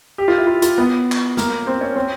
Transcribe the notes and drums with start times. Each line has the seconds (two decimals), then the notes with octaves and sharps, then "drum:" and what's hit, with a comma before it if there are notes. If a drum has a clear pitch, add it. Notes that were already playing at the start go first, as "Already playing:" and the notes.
0.18 G4
0.28 F4
0.38 E4
0.47 F4
0.62 F4, drum: hi-hat
0.78 B3
1.12 drum: clap
1.37 A#3, drum: snare
1.67 C4
1.81 C#4
1.96 C4